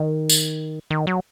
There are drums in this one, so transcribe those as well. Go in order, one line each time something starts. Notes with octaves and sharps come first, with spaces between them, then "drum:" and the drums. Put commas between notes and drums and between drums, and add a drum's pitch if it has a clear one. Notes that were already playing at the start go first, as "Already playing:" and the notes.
Already playing: D#3
drum: tambourine
D#3
F#3